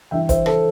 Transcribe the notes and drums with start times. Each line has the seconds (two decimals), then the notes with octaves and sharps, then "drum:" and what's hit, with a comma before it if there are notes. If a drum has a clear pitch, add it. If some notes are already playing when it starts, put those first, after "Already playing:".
0.11 G2 E3 E5 G5
0.29 C5 E5, drum: kick, hi-hat
0.46 A4 C5, drum: rim click